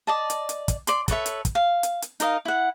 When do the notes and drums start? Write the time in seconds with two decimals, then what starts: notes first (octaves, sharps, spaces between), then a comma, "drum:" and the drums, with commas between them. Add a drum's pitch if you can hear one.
0.07 D5 D#5 A5
0.30 drum: hi-hat
0.49 drum: hi-hat
0.68 drum: kick, hi-hat
0.87 D5 C6, drum: hi-hat
1.08 A4 B4 C#5 E5, drum: kick, hi-hat
1.26 drum: hi-hat
1.45 drum: kick, hi-hat
1.55 F5
1.83 drum: hi-hat
2.02 drum: hi-hat
2.20 D#4 A#4 D#5 F5, drum: hi-hat
2.45 E4 F#5